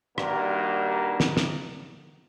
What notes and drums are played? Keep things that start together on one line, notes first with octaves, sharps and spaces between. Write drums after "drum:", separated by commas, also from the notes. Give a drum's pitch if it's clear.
G2 D#3 G3 A#3 F#4 A#4, drum: rim click
drum: snare
drum: snare